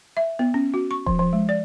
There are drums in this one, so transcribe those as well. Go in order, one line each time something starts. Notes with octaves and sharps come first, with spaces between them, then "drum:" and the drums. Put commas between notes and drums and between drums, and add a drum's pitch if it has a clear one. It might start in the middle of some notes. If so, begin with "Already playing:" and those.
E5
B3
C#4
F#4
C#6
F3, drum: kick D#1
F3
G#3
D5